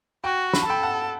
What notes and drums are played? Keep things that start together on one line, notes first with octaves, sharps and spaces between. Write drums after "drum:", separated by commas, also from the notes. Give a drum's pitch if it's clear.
F#4 G5
B5, drum: snare
A5
A4 G5 B5
F#5 A5